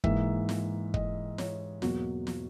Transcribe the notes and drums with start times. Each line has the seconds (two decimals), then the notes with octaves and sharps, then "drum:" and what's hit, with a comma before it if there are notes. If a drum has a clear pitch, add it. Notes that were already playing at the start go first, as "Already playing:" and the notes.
0.04 G#2 E3 A#3 E5, drum: kick
0.49 drum: snare
0.94 D#5, drum: kick
1.38 C#5, drum: snare
1.82 E2 B2 F#3 A#3 F#4, drum: snare
2.27 drum: snare